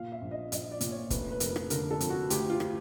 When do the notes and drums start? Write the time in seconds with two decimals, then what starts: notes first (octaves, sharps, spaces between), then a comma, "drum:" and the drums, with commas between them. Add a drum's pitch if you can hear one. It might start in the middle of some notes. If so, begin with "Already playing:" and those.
Already playing: A#2 F5
0.12 E5
0.22 A#1
0.31 D#5
0.52 A#1 D#5, drum: hi-hat
0.71 D5
0.81 A#2, drum: hi-hat
0.91 C#5
1.10 F1 B4, drum: kick, hi-hat
1.31 B4
1.40 F1 A#4, drum: hi-hat
1.56 drum: rim click
1.70 D3 A#4, drum: hi-hat
1.91 A4
2.00 F2, drum: hi-hat
2.10 F#4
2.30 D2 G4, drum: hi-hat
2.50 F4
2.60 drum: rim click